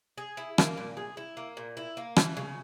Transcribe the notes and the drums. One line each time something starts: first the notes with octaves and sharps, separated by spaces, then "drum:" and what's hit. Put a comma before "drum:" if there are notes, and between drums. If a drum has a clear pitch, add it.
G#4
E4
A#3, drum: rim click
A#2
G#4
E4
A#3
A#2
E4
A#3
E3, drum: rim click
C#3